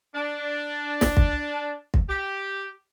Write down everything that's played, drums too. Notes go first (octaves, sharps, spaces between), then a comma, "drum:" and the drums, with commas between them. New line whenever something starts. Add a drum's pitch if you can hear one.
D4
drum: snare
drum: kick
drum: kick
G4